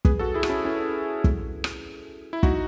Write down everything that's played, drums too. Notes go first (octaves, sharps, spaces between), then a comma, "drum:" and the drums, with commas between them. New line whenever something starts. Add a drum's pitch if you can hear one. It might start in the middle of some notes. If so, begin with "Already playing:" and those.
G#4 B4, drum: kick
F#4 A4
E4 G#4
F#4, drum: rim click
C#4 E4
C#4 E4
drum: kick
drum: rim click
E4
D#4 F#4, drum: kick